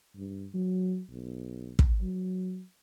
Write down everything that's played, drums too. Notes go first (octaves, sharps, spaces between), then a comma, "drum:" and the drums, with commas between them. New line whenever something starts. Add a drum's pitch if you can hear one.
G2
F#3
B1
drum: kick
F#3